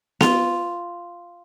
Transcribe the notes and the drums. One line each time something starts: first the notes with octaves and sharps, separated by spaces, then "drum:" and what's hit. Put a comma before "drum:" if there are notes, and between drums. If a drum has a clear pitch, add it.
F4, drum: snare B3